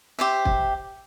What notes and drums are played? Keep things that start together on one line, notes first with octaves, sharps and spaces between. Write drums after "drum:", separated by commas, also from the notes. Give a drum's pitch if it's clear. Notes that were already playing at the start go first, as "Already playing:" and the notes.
G4 C5 E5
drum: kick